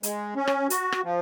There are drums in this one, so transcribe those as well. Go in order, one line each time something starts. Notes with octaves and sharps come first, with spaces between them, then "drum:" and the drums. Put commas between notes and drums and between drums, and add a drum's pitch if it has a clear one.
G#3, drum: hi-hat
C#4
drum: rim click
F#4, drum: hi-hat
drum: rim click
F3